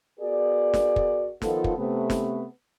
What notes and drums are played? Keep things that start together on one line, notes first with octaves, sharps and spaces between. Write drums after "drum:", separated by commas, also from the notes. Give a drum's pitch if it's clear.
B3 F#4 G#4 A#4 D5
drum: snare
drum: kick
D#3 F3 B3 F4 A4, drum: snare
drum: kick
C3 A3 B3
drum: snare